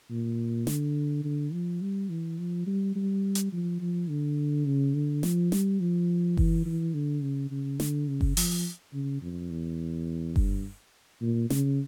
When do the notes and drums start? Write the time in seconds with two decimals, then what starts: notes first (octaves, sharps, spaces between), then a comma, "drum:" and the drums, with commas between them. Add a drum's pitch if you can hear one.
0.10 A#2
0.67 D3, drum: snare
1.24 D3
1.53 F3
1.81 G3
2.09 E3
2.38 F3
2.66 G3
2.95 G3
3.35 drum: hi-hat
3.52 F3
3.81 F3
4.09 D3
4.66 C#3
4.94 D3
5.23 F3, drum: snare
5.52 G3, drum: snare
5.80 F3
6.37 E3, drum: kick F#1
6.66 E3
6.94 D3
7.22 C#3
7.51 C#3
7.80 D3, drum: snare
8.08 C#3
8.21 drum: kick F#1
8.37 F3, drum: open hi-hat
8.93 C#3
9.22 F2
9.51 E2
10.36 G2, drum: kick F#1
11.22 A#2
11.50 C#3, drum: snare